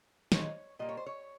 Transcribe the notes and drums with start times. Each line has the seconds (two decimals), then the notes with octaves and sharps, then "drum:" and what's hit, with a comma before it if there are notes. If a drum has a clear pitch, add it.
0.32 A#2 G#3 C#5, drum: snare
0.79 A#2 G3 A#3 D#5
0.89 C#5
0.97 C5
1.07 C#5